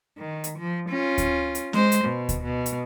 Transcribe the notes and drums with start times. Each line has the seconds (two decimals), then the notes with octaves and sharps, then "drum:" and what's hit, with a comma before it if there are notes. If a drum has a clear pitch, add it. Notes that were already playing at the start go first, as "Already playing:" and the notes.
0.18 D#3
0.44 drum: hi-hat
0.58 F3
0.89 C#4 F4
1.18 drum: kick D2, hi-hat
1.55 drum: hi-hat
1.73 G#3 C5, drum: snare
1.92 drum: hi-hat
2.05 B2
2.29 drum: kick D2, hi-hat
2.44 B2
2.66 drum: hi-hat